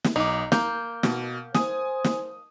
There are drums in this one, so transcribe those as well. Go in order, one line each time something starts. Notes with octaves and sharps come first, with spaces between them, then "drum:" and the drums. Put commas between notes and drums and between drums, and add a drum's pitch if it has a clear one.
drum: snare
B1 D#4 D6
A#3 G6, drum: snare
B2, drum: snare
C5 G#5 D#6, drum: snare
drum: snare